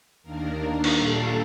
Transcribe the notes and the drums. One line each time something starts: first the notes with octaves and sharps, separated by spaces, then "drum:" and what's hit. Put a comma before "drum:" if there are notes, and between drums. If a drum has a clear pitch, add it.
D#2 D#3 A#3 D4 A#4
drum: cymbal
A#2 G3 A#3 D4 A4